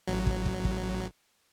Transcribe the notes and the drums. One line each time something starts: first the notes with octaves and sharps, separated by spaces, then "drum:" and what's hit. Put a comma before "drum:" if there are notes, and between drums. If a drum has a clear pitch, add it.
A1 F#3
drum: kick
drum: kick
drum: kick